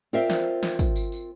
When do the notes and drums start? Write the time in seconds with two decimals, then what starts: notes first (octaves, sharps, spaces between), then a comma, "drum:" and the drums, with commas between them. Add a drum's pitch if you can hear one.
0.13 C4 F4 A#4 C5 D5 E5
0.30 drum: snare
0.63 drum: snare
0.79 drum: kick, tambourine
0.96 drum: tambourine
1.12 drum: tambourine